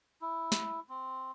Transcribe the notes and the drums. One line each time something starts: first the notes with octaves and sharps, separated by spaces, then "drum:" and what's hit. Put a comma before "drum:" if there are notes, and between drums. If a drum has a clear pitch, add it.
E4
drum: snare
C4